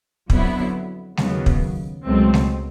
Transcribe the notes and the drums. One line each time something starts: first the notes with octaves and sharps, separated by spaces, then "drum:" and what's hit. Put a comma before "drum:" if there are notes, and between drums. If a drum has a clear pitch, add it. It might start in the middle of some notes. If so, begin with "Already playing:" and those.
F2 D3 F#3 B3 E4, drum: kick
D#2 C#3 F#3 B3, drum: snare G#3
drum: kick
C#2 B2 F#3 A3 C4
drum: snare G#3